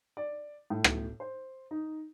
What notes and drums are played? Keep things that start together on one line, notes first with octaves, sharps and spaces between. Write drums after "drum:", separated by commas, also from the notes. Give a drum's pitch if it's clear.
D5
A2
drum: rim click
C5
D#4